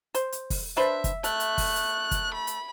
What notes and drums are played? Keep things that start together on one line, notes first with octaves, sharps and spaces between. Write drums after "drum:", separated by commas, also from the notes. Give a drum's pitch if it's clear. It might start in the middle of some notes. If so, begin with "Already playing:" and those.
C5, drum: hi-hat
drum: hi-hat
drum: kick, open hi-hat
D4 B4 C5 E5
drum: kick, hi-hat
A3 F#6, drum: hi-hat
drum: hi-hat
drum: kick, open hi-hat
drum: hi-hat
drum: kick, hi-hat
B5
drum: hi-hat